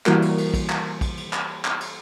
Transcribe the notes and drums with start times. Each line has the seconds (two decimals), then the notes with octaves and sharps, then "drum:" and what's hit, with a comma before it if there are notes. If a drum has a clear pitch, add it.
0.06 E3 G3 A#3 E4 F#4 A#4, drum: clap
0.22 drum: cymbal
0.38 drum: cymbal
0.54 drum: kick, cymbal
0.69 drum: clap
1.01 drum: kick, cymbal
1.17 drum: cymbal
1.33 drum: clap
1.65 drum: clap
1.81 drum: cymbal